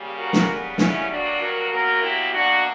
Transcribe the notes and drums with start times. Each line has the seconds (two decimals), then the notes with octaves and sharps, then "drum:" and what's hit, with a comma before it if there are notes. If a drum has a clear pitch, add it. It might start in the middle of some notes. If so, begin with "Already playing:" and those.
Already playing: C#3 G3 A#3
0.17 F#4 A#4
0.33 drum: snare
0.48 C#3 G3 B3
0.78 C#4 E4, drum: snare
1.09 G2 F#3 A#3 D4 F#4
1.39 F#4 A#4
1.70 A#2 F#3 B3 F#4 A#4
2.00 E4 G4
2.31 B2 A#3 D4 F#4